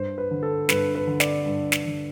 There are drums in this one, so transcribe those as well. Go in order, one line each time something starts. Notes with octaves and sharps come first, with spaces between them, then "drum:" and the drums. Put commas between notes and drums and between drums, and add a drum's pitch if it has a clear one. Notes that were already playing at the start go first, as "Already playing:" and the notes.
Already playing: G2 C5
B4
D3
A4
G2 B4, drum: snare
B4
D3
D5, drum: snare
G2
drum: snare
D3